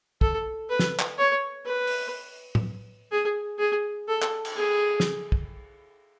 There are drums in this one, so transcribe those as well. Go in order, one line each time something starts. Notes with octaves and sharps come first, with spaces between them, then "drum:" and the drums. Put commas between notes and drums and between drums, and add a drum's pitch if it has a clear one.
A4, drum: kick
B4
drum: snare
drum: clap
C#5
B4
drum: open hi-hat
drum: tom A2
G#4
G#4
A4
drum: clap
drum: cymbal
G#4
drum: snare
drum: kick